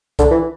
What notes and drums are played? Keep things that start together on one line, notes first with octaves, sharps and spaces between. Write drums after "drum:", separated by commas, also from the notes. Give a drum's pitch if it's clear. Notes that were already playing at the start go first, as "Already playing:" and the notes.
D3, drum: kick C2, hi-hat
E3